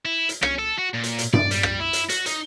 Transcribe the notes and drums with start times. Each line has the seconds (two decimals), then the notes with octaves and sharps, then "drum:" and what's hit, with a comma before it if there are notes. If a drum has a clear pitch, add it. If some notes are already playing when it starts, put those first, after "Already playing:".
0.05 E4
0.29 drum: hi-hat
0.43 C#4, drum: rim click
0.59 A4
0.79 F#4
0.95 A#2
1.04 drum: hi-hat
1.18 drum: hi-hat
1.33 D5, drum: tom G2
1.51 G3, drum: hi-hat
1.63 drum: rim click
1.80 E4
1.93 drum: hi-hat
2.09 F#4, drum: hi-hat
2.26 D#4, drum: hi-hat